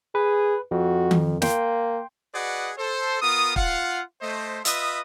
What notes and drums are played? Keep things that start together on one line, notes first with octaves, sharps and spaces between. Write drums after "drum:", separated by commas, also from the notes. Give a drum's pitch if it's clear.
G#4 B4
F2 F#4
drum: tom D#3
A#3 G5 C6, drum: snare
F#4 G#4 B4 D5 D#5 F#5
A4 C5
B3 F4 A#4 D#6
F4 F5 F#5, drum: kick
A3 C5 D#5
F4 B4 D#5 E5 D#6, drum: hi-hat